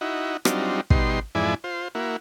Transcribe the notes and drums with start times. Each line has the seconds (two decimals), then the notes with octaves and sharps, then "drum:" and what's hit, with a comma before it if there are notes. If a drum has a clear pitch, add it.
0.01 D#4 E4 F#4
0.45 F#3 G3 C4 D4 D#4 F4, drum: rim click
0.90 B2 G3 D#4 C6, drum: kick
1.35 F2 G#2 E3 E4 D5 G#5
1.64 F4 C5
1.95 A#3 E4 F#4